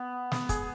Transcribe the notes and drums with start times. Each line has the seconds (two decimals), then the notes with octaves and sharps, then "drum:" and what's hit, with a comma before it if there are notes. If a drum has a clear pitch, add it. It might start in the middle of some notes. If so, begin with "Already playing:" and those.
Already playing: B3
0.32 B3, drum: snare
0.49 G#4, drum: kick, hi-hat